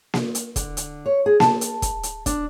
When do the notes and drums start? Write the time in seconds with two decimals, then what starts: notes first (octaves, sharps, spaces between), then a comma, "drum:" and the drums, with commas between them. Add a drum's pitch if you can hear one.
0.14 drum: snare A#3
0.35 drum: hi-hat
0.56 D3, drum: kick, hi-hat
0.77 drum: hi-hat
1.06 C#5
1.26 G#4
1.40 A5, drum: snare A#3
1.61 drum: hi-hat
1.82 drum: kick, hi-hat
2.03 drum: hi-hat
2.26 D4, drum: kick, hi-hat